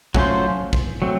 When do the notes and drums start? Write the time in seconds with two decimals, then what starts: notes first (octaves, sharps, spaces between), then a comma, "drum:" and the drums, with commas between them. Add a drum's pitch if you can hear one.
0.14 F#3 A3 C#4 F4 C5, drum: kick
0.73 drum: kick
1.02 F#3 A3 C4